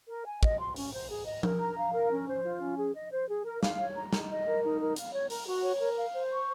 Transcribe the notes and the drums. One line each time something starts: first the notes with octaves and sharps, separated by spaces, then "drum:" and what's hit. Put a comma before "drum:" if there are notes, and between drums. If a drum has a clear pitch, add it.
A#4
G#5
D#5, drum: kick
C6
C#4, drum: open hi-hat
C5
G#4
D#5
A#4, drum: tom F3
A#5
F5
A#4
C#4
C5
F4
C#4
G#4
D#5
C5
G#4
A#4
F5, drum: snare
C#5
A#5
D#4, drum: snare
D#5
A#4
D#4
A#4
F5, drum: hi-hat
C#5
A#4, drum: open hi-hat
F#4
C#5
A#4
F5
C5
C#6